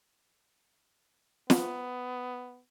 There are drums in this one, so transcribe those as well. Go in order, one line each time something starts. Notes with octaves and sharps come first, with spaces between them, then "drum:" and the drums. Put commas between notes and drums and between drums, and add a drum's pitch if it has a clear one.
B3, drum: snare